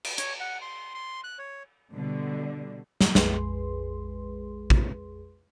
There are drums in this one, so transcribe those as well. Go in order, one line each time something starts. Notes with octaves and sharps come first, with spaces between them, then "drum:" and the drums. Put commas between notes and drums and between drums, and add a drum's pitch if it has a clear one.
drum: cymbal
C#5, drum: hi-hat
F#5
C6
C6
F#6
C#5
B2 D3 G3
drum: snare
A#1 F2 G#3 G#4 B4 C6, drum: snare
drum: kick A1